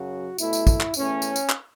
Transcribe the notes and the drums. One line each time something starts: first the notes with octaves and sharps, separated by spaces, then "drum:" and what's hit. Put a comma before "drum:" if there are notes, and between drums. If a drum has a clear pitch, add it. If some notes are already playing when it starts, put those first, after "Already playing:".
Already playing: F#2 C#3 F#3 F#4
B2 A3 E4, drum: tambourine
drum: tambourine
drum: kick, tambourine
drum: clap
E2 E3 A3 C#4, drum: tambourine
drum: tambourine
drum: tambourine
drum: clap